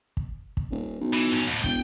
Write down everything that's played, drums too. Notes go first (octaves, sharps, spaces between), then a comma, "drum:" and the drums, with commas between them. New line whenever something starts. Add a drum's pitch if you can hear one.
drum: kick
drum: kick
D#1
B1
E3
G2 C#4
D#2 A2
E1 G5, drum: kick